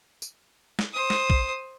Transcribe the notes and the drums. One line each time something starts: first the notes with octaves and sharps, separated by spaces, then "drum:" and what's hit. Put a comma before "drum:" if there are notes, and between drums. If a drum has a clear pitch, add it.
drum: tambourine
drum: snare
C5 D#6
drum: snare
drum: kick